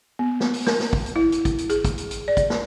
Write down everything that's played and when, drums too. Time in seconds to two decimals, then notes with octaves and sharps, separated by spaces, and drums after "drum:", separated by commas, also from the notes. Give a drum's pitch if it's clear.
0.19 B3
0.40 drum: snare
0.54 drum: open hi-hat
0.67 A#4, drum: snare
0.80 drum: snare
0.93 drum: kick
1.06 drum: hi-hat
1.16 E4
1.32 drum: hi-hat
1.45 drum: kick, hi-hat
1.58 drum: hi-hat
1.70 G#4, drum: hi-hat
1.85 drum: kick, hi-hat
1.98 drum: hi-hat
2.11 drum: hi-hat
2.28 D5
2.37 drum: kick, hi-hat
2.50 drum: snare